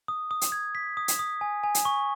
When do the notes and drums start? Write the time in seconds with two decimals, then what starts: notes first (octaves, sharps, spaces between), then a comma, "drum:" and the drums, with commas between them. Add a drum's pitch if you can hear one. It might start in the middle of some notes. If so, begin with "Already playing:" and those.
0.08 D#6
0.31 D#6
0.41 drum: hi-hat
0.52 G#6
0.75 B6
0.97 D#6
1.08 drum: hi-hat
1.19 D#6
1.41 G#5
1.64 G#5
1.75 drum: hi-hat
1.85 C#6